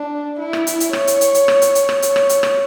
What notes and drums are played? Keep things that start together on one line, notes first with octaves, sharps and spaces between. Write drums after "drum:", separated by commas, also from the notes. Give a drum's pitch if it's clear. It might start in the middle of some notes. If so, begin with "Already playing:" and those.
Already playing: D4
E4
drum: rim click
drum: hi-hat
drum: hi-hat
C#5, drum: rim click
drum: hi-hat
drum: hi-hat
drum: hi-hat
drum: rim click
drum: hi-hat
drum: hi-hat
drum: rim click
C#5, drum: hi-hat
drum: rim click
drum: hi-hat
drum: rim click